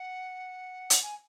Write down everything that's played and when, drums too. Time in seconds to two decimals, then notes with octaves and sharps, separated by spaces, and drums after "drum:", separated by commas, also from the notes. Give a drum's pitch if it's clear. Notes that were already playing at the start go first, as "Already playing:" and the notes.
Already playing: F#5
0.90 drum: hi-hat
1.02 G#5